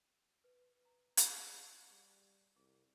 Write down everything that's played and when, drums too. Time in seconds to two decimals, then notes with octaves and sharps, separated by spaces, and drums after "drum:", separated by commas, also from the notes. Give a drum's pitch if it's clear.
0.44 B4
0.85 A#5
1.17 E5, drum: hi-hat
1.90 G3 G#4
2.56 C2 G#4